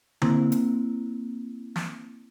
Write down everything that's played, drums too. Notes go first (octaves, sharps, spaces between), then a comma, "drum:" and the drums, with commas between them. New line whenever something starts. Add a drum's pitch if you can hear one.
A#3 C4 E4, drum: tom D3
drum: hi-hat
drum: snare